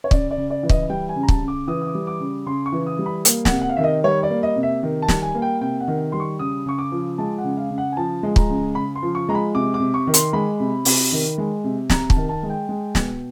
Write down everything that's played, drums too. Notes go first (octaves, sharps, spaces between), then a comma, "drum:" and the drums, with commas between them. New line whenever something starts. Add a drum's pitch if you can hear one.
C#5
C#3 D5, drum: kick
D5
C#3
D5
E3
D#5, drum: kick
G3 G5
G#5
C#3
A#5
A5, drum: kick
C#3
D6
E3 D#6
D#6
D6
G3
D6
C#3
C#3 C6
C#6
E3
D#6
G3
B5
A#3, drum: hi-hat
F#5, drum: snare
C3
F#5
F5
D#3 E5
D#5
G3 C#5
D5
A#3
D#5
C3
E5
D#3
A5
G3, drum: snare
G#5
A#3
G5
C3 G5
F#5
D#3
G3 C6
C#6
C#3 D#6
C#3 C#6
D6
F3
G#3 A5
F#5
C#3
F5
C#3
F#5
G#5
F3 A5
G#3
A#5, drum: kick
C#3
C#3 B5
C6
F3
C#6
G#3 A#5
B5
C3 D6
D6
C3
C#6
D#3
C6, drum: hi-hat
G#3 B5
C3
C3, drum: open hi-hat
D#3
G#3
C3
C3 A#5, drum: snare
A5, drum: kick
D#3
A5
G#3
G5
G#3
B2, drum: snare